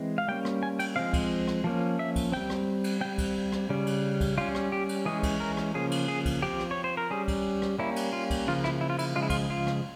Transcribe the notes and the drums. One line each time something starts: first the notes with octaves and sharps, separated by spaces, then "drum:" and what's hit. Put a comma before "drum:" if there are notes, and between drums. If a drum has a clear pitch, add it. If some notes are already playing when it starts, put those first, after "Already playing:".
Already playing: E3 G#3 C4
F5
G3 A#3 C#4 G5
drum: rim click
G#5
G5, drum: cymbal
F3 G#3 C4 F5
drum: kick C2, cymbal
drum: rim click
F3 A#3 C#4
E5
drum: kick C2, cymbal
G3 C4 G5
drum: rim click
drum: cymbal
G3 C4 G5
drum: kick C2, cymbal
drum: rim click
C#3 G3 C#4
drum: cymbal
drum: kick C2, cymbal
G3 C#4 F4
drum: rim click
G4
drum: cymbal
E3 G#3 C#4 G#4
drum: kick C2, cymbal
A#4
drum: rim click
C#3 F3 A#3 C#4 G#4
drum: cymbal
G#4
drum: kick C2, cymbal
F3 C4 G4
drum: rim click
C#5
C5
A#4
G3 C#4 G#4
drum: kick C2, cymbal
drum: rim click
G3 A#3 C#4 E4
drum: cymbal
F4
drum: kick C2, cymbal
C#3 F3 A#3 F4
E4, drum: rim click
E4
F4
E4, drum: cymbal
C#3 F3 G#3 F4
E4
F4, drum: kick C2, cymbal
F4
drum: rim click